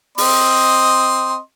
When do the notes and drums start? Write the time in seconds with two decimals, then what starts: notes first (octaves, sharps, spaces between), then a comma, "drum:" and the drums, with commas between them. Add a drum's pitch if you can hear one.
0.18 C4 D#5 C6, drum: open hi-hat